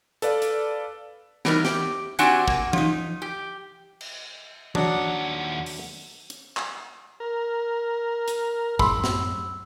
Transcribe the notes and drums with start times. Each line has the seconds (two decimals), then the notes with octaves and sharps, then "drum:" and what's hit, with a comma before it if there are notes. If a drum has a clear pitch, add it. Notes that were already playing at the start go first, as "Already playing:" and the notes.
0.22 A4 B4 D5 F5, drum: hi-hat
0.42 drum: hi-hat
1.45 E3 G3 D#4 A#4 B4, drum: snare
1.65 G4, drum: snare
2.19 C4 D4 F#4 G4 F#5 G#5, drum: hi-hat
2.48 A#3, drum: kick
2.73 F3 D#4, drum: tom E3
3.22 G4
4.01 drum: cymbal
4.75 D#2 F#3 D4 D#5 F#5, drum: tom E3
5.66 drum: open hi-hat
6.30 drum: hi-hat
6.57 drum: clap
7.20 A#4
8.28 drum: hi-hat
8.79 F#2 A2 B5 C6 E6, drum: kick
9.04 drum: snare